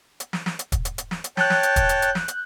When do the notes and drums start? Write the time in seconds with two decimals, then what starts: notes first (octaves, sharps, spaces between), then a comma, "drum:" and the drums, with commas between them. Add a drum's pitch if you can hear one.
0.20 drum: hi-hat
0.33 drum: snare
0.46 drum: snare
0.59 drum: hi-hat
0.72 drum: kick, hi-hat
0.85 drum: hi-hat
0.98 drum: hi-hat
1.11 drum: snare
1.24 drum: hi-hat
1.37 C#5 G5 A5 F#6 G6, drum: snare
1.50 drum: snare
1.63 drum: hi-hat
1.76 drum: kick, hi-hat
1.89 drum: hi-hat
2.02 drum: hi-hat
2.15 drum: snare
2.28 drum: hi-hat